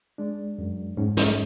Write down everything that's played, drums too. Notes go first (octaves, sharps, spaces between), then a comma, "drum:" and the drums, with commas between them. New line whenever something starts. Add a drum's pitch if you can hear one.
G#3 D4
F#2
G#2 C#4
C#4, drum: snare